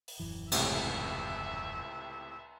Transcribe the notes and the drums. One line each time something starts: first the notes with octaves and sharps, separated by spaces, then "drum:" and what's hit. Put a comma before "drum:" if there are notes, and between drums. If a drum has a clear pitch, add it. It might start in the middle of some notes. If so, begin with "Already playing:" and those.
drum: open hi-hat
D#1 F#2 E3
C#2 A2 C3 E5, drum: cymbal